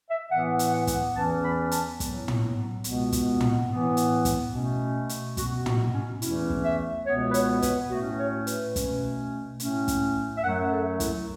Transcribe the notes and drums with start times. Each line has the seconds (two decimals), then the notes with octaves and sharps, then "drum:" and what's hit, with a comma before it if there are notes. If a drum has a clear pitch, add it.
0.10 E5
0.31 A2 E3 B3 F#5
0.59 drum: hi-hat
0.74 F#5
0.87 drum: kick, hi-hat
1.15 E2 E3 C#4 A5
1.44 B5
1.71 A5, drum: hi-hat
2.00 A2 F#3 B3, drum: kick, hi-hat
2.28 drum: tom
2.84 C#2 B2 B3, drum: hi-hat
3.12 drum: kick, hi-hat
3.41 drum: tom
3.69 A2 E3 B3
3.97 drum: hi-hat
4.25 drum: kick, hi-hat
4.53 B2 A3 C#4
5.09 drum: hi-hat
5.37 B2 B3 F#4, drum: kick, hi-hat
5.66 F#4, drum: tom
5.94 C#4
6.22 E2 E3 A3 C#4 E4, drum: hi-hat
6.50 drum: kick
6.64 E5
7.06 C#2 B2 B3 C#5
7.30 B4
7.34 C#5, drum: hi-hat
7.62 B4, drum: kick, hi-hat
7.91 A2 A3 C#4 F#4
8.19 C#5
8.47 B4, drum: hi-hat
8.76 B2 A3 C#4, drum: kick, hi-hat
9.60 A2 A3 C#4, drum: hi-hat
9.88 drum: kick, hi-hat
10.37 E5
10.43 F#2 F#3 A3 F#5
10.72 A4
11.00 E4, drum: kick, hi-hat